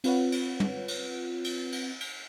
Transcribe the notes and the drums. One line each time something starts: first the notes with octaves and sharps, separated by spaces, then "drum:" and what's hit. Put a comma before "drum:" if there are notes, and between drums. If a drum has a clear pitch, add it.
C4 F4 B4 C#5 F#5, drum: cymbal
drum: cymbal
drum: tom
drum: cymbal
drum: cymbal
drum: cymbal
drum: cymbal